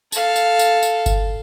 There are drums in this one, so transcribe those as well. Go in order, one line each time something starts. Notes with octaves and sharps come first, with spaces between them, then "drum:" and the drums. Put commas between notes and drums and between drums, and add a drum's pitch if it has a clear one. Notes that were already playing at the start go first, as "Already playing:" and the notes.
A4 F5, drum: tambourine
drum: tambourine
drum: tambourine
drum: tambourine
drum: kick G1, tambourine